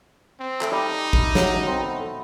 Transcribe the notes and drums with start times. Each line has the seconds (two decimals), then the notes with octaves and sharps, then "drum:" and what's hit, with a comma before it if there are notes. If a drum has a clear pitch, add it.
0.40 C4
0.61 A3, drum: clap
0.71 G3 D#4
1.13 drum: kick G#1
1.35 F#3, drum: snare
1.67 C4
1.79 B3
2.00 A3